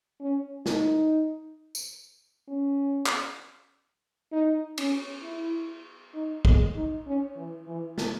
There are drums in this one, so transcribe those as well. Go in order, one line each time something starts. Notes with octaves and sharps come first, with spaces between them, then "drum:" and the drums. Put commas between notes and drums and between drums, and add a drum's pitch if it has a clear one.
C#4
D#4, drum: snare
drum: tambourine
C#4
drum: clap
D#4
C#4, drum: cymbal
E4
D#4
G#3, drum: kick
D#4
C#4
E3
E3
drum: snare